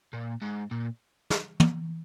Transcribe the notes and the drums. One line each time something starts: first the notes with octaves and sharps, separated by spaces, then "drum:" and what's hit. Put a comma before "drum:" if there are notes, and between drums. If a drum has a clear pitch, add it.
A#2
G#2
A#2
drum: snare
drum: tom